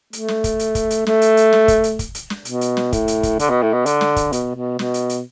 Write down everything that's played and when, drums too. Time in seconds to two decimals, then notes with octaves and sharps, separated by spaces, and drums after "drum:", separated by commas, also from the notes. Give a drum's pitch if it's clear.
0.13 A3, drum: hi-hat
0.28 drum: snare
0.44 drum: kick, hi-hat
0.59 drum: hi-hat
0.75 drum: kick, hi-hat
0.90 drum: hi-hat
1.07 A3, drum: snare
1.22 drum: hi-hat
1.37 drum: hi-hat
1.53 drum: snare
1.68 drum: kick, hi-hat
1.84 drum: hi-hat
1.99 drum: kick, hi-hat
2.15 drum: hi-hat
2.30 drum: snare
2.45 B2, drum: hi-hat
2.61 drum: hi-hat
2.77 drum: snare
2.93 A2, drum: kick, hi-hat
3.08 drum: hi-hat
3.23 drum: kick, hi-hat
3.39 D3, drum: hi-hat
3.50 B2
3.62 A2
3.73 B2
3.86 D3, drum: hi-hat
4.01 drum: snare
4.16 drum: kick, hi-hat
4.32 B2, drum: hi-hat
4.55 B2
4.79 B2, drum: snare
4.94 drum: hi-hat
5.09 drum: hi-hat